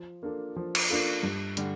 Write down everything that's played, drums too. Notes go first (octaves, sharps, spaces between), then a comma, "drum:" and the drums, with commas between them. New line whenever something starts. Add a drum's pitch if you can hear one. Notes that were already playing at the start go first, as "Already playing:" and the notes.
Already playing: F3
A#3 D4 F4 A4
F3
drum: cymbal
A#3 D4 F4 A4
G2
D3 G3, drum: hi-hat